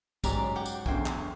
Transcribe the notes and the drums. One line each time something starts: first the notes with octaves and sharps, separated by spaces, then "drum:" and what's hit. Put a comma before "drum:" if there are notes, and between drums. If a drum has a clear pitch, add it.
G#2 F#3 C#4 G4 D5 A#5, drum: kick, tambourine
F#5 G5 D6
drum: tambourine
B1 E2 D3 C5 G5 G#5, drum: kick
drum: clap